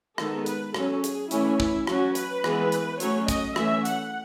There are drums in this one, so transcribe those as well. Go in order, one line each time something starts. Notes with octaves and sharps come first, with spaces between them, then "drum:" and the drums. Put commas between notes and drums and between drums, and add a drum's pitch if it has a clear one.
D#3 G#3 B3 A4, drum: rim click
B4, drum: hi-hat
F#3 C#4 A4, drum: rim click
G#4, drum: hi-hat
E3 A3 C#4 E4, drum: hi-hat
E4, drum: kick
F#3 C#4 F#4, drum: rim click
B4, drum: hi-hat
E3 G#3 B3, drum: rim click
drum: hi-hat
F#3 A3 C#4 C#5, drum: hi-hat
D#5, drum: kick, hi-hat
E3 A3 C#4 E5, drum: rim click
F#5, drum: hi-hat